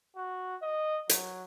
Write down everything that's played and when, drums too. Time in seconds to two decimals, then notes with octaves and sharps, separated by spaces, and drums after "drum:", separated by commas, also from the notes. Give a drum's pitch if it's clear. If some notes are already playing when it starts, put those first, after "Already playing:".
0.16 F#4
0.62 D#5
1.09 F#3, drum: hi-hat